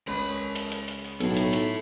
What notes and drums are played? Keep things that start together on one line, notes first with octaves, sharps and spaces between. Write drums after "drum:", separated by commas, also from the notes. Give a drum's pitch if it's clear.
C#2 A#4 B4 B5 D#6
drum: hi-hat
drum: hi-hat
drum: hi-hat
drum: open hi-hat
B1 E4 A4, drum: hi-hat
drum: hi-hat
drum: hi-hat